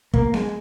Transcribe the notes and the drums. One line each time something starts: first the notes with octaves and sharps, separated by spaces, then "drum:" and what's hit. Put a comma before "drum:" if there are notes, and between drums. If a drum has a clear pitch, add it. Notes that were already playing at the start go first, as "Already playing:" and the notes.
A#3, drum: kick
G#3, drum: snare B3